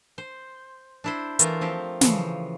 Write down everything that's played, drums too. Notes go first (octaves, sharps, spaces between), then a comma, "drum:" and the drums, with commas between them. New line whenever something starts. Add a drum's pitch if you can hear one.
C5
D4 E4 C5
E3 A3 F4 A#4, drum: hi-hat
F3 C4 G4
C#3 E3 F3, drum: snare